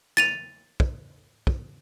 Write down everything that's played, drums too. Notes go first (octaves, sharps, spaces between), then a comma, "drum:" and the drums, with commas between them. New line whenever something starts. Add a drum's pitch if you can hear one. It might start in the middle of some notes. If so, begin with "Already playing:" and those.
A6 D#7 F7, drum: snare
drum: kick
drum: kick